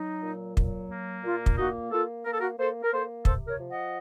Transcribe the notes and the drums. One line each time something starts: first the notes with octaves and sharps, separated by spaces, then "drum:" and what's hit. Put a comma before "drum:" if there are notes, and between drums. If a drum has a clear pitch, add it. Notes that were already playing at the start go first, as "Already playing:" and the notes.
Already playing: F#3 D#4
A#2
F#3, drum: kick
A#3
A#2 F4
drum: kick
A#3 D#4 F#4
A#3 F4 A4
A#3 A#4
A4
F#4 A#4
A#3 A4 C5
A#4
A#3 A4 C5
C3 A4 C5, drum: kick
A#4 C#5
F3
D#5 F#5